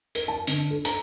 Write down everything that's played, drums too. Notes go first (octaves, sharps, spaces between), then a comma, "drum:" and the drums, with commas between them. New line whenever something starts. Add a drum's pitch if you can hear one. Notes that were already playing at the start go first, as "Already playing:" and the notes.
A#4, drum: hi-hat
A5
D3, drum: hi-hat
A4
A#5, drum: hi-hat